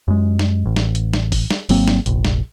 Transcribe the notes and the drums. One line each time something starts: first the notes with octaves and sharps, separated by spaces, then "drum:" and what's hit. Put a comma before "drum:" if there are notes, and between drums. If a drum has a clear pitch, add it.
F#2 G#3
drum: snare
A1
drum: snare
drum: hi-hat
drum: snare
drum: kick, open hi-hat
drum: snare
G#1 F#3 A#3 C4, drum: open hi-hat
drum: snare
F1 A#1, drum: hi-hat
drum: snare